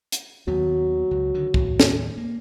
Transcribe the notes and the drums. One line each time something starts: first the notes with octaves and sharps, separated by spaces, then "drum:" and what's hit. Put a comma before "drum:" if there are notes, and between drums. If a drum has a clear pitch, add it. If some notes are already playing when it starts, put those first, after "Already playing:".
drum: hi-hat
D#2 D#3 F#3 B3
C#2
D3 D#3
D#2 A2, drum: kick
drum: snare
A#3